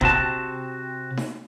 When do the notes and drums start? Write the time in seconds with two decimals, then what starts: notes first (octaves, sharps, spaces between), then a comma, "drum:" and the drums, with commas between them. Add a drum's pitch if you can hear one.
0.01 C3 C4 F#4 A5, drum: kick F#1
1.17 drum: snare D#4